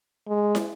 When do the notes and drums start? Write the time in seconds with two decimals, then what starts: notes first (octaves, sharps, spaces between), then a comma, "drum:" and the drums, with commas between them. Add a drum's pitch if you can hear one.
0.28 G#3
0.55 drum: snare